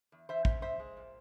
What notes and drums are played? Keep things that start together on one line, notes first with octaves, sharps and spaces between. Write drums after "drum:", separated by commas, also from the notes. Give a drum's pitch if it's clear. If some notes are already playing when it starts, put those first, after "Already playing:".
E2
E3 C5 E5
C#3 C5 E5, drum: kick
E2 C5 E5
G#3
A#2